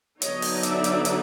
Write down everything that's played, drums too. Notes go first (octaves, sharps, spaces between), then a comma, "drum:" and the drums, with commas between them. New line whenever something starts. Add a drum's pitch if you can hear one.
D3 F#3 B3 D#4 C#5 D#5, drum: hi-hat
drum: open hi-hat
D5 E5, drum: hi-hat
drum: hi-hat
drum: hi-hat